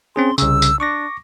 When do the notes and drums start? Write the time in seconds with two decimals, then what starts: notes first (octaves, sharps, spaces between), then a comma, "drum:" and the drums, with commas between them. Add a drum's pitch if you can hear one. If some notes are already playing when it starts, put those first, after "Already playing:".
0.16 C4 C#4 G#4 C6
0.38 C2 C#3 E6, drum: tambourine
0.62 drum: tambourine
0.80 D4 C#6 D6 A#6